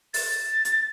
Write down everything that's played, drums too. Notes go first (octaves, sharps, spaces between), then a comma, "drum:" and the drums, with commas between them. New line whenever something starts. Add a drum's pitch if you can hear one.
A6, drum: open hi-hat
drum: hi-hat